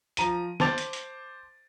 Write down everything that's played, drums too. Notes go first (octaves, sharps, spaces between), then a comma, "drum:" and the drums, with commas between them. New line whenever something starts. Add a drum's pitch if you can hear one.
F3 A#5 D#7, drum: hi-hat
C5 A5 D6 A6 F7, drum: snare
drum: hi-hat
drum: hi-hat